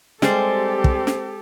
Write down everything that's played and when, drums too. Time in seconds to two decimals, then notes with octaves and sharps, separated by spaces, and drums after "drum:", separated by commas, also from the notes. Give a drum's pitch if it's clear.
0.22 G3 G#3 C4 G4 A4 C5, drum: snare
0.84 drum: kick
1.07 drum: snare